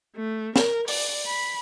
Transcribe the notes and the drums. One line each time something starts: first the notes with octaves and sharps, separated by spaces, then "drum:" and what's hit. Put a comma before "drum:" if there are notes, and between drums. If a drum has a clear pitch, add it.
A3
A#4, drum: snare
D5, drum: open hi-hat
B5